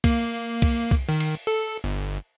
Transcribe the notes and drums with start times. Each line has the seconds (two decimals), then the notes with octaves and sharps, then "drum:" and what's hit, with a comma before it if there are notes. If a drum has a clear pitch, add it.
0.04 A#3, drum: kick C2, cymbal
0.62 drum: kick C2, cymbal
0.91 drum: kick C2
1.09 D#3
1.20 drum: cymbal
1.47 A4
1.84 G1